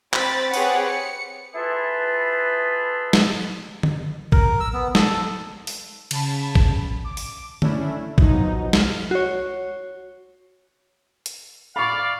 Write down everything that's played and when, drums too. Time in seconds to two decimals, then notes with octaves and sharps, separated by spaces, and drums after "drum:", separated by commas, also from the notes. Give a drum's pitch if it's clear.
0.13 C4 B5 A6, drum: clap
0.54 C4 G4 G#4 B4 C#5 F#5, drum: open hi-hat
0.88 C#7
1.54 E4 F4 G#4 A4 B4
3.13 drum: snare
3.83 drum: tom D3
4.32 A#4, drum: kick A1
4.60 E6
4.73 B3
4.95 A4, drum: snare
5.67 drum: open hi-hat
6.11 C#3 A5 B5, drum: cymbal
6.55 drum: kick A1
7.04 D6
7.17 drum: open hi-hat
7.62 A3 C#4 D4 E4, drum: tom D3
8.18 B2 F3 F#3 D#4, drum: kick A1
8.73 C2 F6, drum: snare
9.11 F#4 C#5
11.26 drum: hi-hat
11.76 D5 F5 B5 C#6